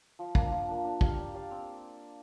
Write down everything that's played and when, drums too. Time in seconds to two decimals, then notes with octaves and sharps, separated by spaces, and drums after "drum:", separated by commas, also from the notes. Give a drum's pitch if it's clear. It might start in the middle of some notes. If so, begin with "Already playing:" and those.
0.19 F3
0.35 A#3 D4, drum: kick
0.51 F3
0.68 A#3 D4
0.84 D4
1.01 G4 D5 F5, drum: kick
1.18 D4
1.34 G4 D5 F5
1.51 C4